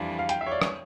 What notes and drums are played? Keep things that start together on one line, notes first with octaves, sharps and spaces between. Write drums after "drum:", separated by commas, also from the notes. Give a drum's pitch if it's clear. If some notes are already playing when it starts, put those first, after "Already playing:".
Already playing: F2 E3 G3 D4 F4
F5
G5, drum: hi-hat
E5
C#5
D5
C#5, drum: rim click